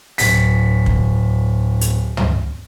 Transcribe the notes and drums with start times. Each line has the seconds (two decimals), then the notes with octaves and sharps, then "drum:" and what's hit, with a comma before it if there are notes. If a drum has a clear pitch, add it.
0.18 D1 B6, drum: open hi-hat
0.86 drum: kick
1.81 drum: hi-hat
2.17 drum: tom